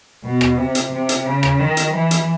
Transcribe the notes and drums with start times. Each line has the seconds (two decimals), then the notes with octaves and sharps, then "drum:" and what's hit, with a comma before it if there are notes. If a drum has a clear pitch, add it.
0.24 B2
0.41 drum: rim click
0.58 C3
0.75 drum: hi-hat
0.92 C3
1.09 drum: hi-hat
1.26 C#3
1.43 drum: rim click
1.59 D#3
1.77 drum: hi-hat
1.94 E3
2.11 drum: hi-hat